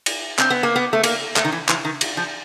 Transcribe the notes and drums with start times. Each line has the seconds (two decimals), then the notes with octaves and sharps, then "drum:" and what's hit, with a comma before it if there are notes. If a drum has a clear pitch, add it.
0.06 drum: cymbal
0.39 C4, drum: clap
0.50 B3
0.63 A#3
0.76 B3
0.93 A3
1.04 A#3, drum: cymbal
1.36 A3, drum: clap
1.45 D#3
1.52 E3
1.69 E3, drum: clap
1.85 D#3
2.01 drum: cymbal
2.17 F3